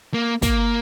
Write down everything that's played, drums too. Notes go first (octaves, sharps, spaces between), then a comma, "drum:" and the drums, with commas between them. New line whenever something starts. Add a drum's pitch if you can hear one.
A#3
A#3, drum: kick, hi-hat